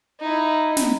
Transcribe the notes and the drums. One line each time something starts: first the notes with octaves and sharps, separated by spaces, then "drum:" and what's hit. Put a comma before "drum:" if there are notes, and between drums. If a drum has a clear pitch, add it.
D#4 E4
drum: snare